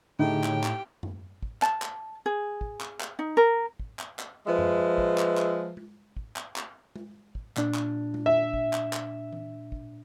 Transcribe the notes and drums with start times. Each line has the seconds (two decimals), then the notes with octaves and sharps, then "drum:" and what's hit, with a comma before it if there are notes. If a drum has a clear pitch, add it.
0.19 A2 D3 D#4 G4 G#4 G5
0.44 drum: clap
0.63 drum: clap
1.03 drum: tom F#2
1.42 drum: kick
1.62 A5, drum: clap
1.82 drum: clap
2.26 G#4
2.61 drum: kick
2.81 drum: clap
3.01 drum: clap
3.19 D#4
3.37 A#4
3.80 drum: kick
3.99 drum: clap
4.19 drum: clap
4.47 F3 G#3 B4 E5
4.59 drum: tom F#2
4.98 drum: kick
5.18 drum: clap
5.38 drum: clap
5.77 drum: tom G#3
6.17 drum: kick
6.36 drum: clap
6.56 drum: clap
6.96 drum: tom G#3
7.35 drum: kick
7.57 A#2 D4, drum: clap
7.75 drum: clap
8.14 drum: tom G#3
8.26 E5
8.54 drum: kick
8.73 drum: clap
8.93 drum: clap
9.33 drum: tom E3
9.72 drum: kick